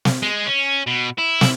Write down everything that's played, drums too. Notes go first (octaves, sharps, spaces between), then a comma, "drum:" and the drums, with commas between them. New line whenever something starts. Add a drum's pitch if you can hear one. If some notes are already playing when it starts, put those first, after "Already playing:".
drum: snare
G#3
C#4
B2
E4
drum: snare